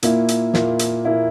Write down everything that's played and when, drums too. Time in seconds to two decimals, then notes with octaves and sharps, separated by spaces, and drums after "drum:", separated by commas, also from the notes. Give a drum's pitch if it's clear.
0.03 A#2 A#3 E4, drum: hi-hat
0.28 drum: hi-hat
0.54 A#2 A#3 E4, drum: snare
0.79 drum: hi-hat
1.05 A#2 A#3 E4